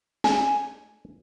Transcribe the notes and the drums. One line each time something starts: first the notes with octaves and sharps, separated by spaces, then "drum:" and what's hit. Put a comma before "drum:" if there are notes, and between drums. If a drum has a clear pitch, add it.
G#5, drum: snare